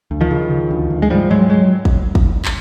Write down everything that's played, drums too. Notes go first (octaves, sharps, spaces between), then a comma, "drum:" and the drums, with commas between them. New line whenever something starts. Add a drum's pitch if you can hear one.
D2
D#3 F3
C#3
C#3
D2
D2
G#3
G#2 F3 G3
G#2 F#3 G#3
F#3 G#3
drum: kick
drum: kick
drum: clap